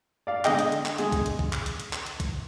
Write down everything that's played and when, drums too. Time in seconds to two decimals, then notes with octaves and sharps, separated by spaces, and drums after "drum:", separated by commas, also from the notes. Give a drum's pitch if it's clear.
0.27 D5 F5
0.45 D3 G#3 D#5 G5, drum: clap
0.59 drum: hi-hat
0.72 drum: hi-hat
0.86 drum: clap
0.98 D3 G#3, drum: hi-hat
1.12 drum: kick, hi-hat
1.26 drum: hi-hat
1.39 drum: kick
1.53 drum: clap
1.66 drum: hi-hat
1.80 drum: hi-hat
1.93 drum: clap
2.06 drum: hi-hat
2.20 drum: kick, hi-hat